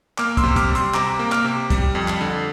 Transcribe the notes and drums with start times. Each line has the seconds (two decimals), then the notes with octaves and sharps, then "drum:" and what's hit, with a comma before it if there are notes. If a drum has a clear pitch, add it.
0.18 A#3 D6 F6, drum: clap
0.37 C6 E6, drum: kick, hi-hat
0.44 C3
0.56 D6 F6, drum: kick, hi-hat
0.70 G3
0.75 C6 E6, drum: hi-hat
0.94 C3 A#5 D6, drum: clap
1.19 A#3
1.32 D6 F6, drum: clap
1.44 C3
1.70 G3, drum: kick, hi-hat
1.95 F2
2.08 drum: clap
2.21 D3